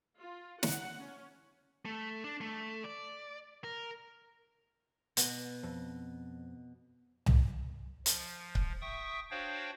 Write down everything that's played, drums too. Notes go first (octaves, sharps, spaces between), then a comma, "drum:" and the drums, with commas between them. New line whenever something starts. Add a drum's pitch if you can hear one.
F4
F#5, drum: snare
C#4
A3
D4
A3
D5
A#4
B2, drum: hi-hat
F2
drum: tom C2
F3, drum: hi-hat
drum: kick C#1
E5 G5 C#6 D#6
D4 F#4 C5 C#5 F5 G5